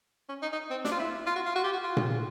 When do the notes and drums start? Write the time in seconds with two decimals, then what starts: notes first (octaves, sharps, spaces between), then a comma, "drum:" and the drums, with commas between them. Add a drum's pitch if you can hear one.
0.29 C#4
0.42 D#4
0.53 D#4
0.70 C4
0.85 D4, drum: snare
0.92 F4
0.99 E4
1.26 F4
1.36 F#4
1.46 F4
1.56 F#4
1.64 G4
1.73 F#4
1.83 F4
1.97 drum: tom A#2